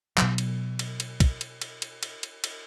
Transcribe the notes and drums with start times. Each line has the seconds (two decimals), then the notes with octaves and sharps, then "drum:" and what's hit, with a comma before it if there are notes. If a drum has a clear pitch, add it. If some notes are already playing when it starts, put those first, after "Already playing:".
0.18 B2 F#3, drum: clap
0.38 drum: cymbal
0.79 drum: cymbal
1.00 drum: cymbal
1.20 drum: kick, cymbal
1.41 drum: cymbal
1.61 drum: cymbal
1.82 drum: cymbal
2.03 drum: cymbal
2.23 drum: cymbal
2.44 drum: cymbal